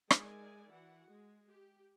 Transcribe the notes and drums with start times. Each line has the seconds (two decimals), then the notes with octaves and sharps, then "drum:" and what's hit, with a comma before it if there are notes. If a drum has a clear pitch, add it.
0.11 G#3 D#4 A#4 D5 E5 G#5, drum: rim click
0.72 E3 F#4 F#5
1.10 G#3
1.49 G4